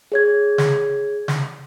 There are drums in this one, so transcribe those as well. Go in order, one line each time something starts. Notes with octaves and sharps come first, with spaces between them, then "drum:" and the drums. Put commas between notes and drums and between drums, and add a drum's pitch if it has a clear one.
G#4 C#5 G#6
drum: snare
drum: snare